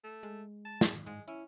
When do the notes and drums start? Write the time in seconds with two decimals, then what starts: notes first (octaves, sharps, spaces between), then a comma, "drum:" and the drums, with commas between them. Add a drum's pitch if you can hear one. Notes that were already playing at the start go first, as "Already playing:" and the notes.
0.04 A3
0.23 G#3
0.65 A5
0.81 drum: snare
1.06 G#2 G#3
1.28 C#4 E4